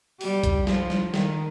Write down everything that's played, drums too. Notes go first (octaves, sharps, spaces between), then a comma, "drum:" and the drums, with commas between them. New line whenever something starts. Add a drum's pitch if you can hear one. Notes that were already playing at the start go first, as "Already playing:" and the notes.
G3, drum: open hi-hat
drum: kick B1, hi-hat
F3, drum: snare
drum: snare
D#3, drum: snare